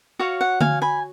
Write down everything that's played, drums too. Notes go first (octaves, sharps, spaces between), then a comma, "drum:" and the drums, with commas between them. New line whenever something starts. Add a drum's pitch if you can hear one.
F#4 C#5 F5
F#5
F5 G#5, drum: tom D3
G#5 B5